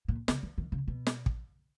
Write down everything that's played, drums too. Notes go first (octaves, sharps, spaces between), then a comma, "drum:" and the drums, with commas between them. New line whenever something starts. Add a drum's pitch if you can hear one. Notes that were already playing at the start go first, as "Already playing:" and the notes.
A#2
C#3, drum: snare
E3
D#3
C#3
B2
drum: snare
drum: kick